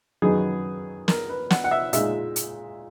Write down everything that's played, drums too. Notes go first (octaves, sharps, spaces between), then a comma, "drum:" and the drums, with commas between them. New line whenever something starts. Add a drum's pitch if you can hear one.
F#2 D#3 F#3 B3 D#4 G#4
A#4, drum: snare
B4
F#5, drum: snare
F#5
E5
A#2 G#3 D#4 E5, drum: hi-hat
drum: hi-hat